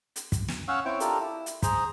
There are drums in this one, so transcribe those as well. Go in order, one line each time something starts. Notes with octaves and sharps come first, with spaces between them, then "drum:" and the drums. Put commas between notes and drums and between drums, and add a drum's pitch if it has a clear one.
drum: hi-hat
drum: kick, hi-hat
drum: snare
C#4 C#5 F5 F#5 E6
C4 E4 C#5 G5
D4 F4 G4 A4 A#4, drum: hi-hat
E4
drum: hi-hat
G#4 C5 A#5, drum: kick, hi-hat